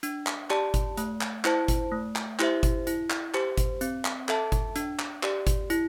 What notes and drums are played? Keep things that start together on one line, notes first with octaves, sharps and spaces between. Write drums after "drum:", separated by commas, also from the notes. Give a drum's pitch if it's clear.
D4, drum: hi-hat
drum: clap
G4 D5 A5, drum: clap
drum: kick G1, hi-hat
A3, drum: hi-hat
drum: clap
E4 C5 A5, drum: clap
drum: kick G1, hi-hat
A3
drum: clap
E4 G4 C5 E5, drum: clap
drum: kick G1, hi-hat
E4, drum: hi-hat
drum: clap
G4 C5, drum: clap
drum: kick G1, hi-hat
C4, drum: hi-hat
drum: clap
A4 E5 A5, drum: clap
drum: kick G1, hi-hat
D4, drum: hi-hat
drum: clap
G4 D5, drum: clap
drum: kick G1, hi-hat
E4, drum: hi-hat